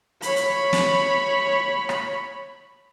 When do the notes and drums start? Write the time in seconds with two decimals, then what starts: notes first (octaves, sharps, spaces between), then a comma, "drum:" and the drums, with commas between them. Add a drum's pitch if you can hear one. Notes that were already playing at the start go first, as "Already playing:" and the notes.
0.22 C#5 B5, drum: hi-hat
0.36 drum: hi-hat
0.73 drum: snare
1.89 drum: rim click